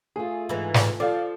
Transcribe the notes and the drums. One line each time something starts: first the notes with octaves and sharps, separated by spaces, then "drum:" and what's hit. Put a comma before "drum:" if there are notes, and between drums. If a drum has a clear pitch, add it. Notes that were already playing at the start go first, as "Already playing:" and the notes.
A3 F4 G#4
G#2 E3 G#5 B5 E6
drum: snare
F3 A4 D5 F5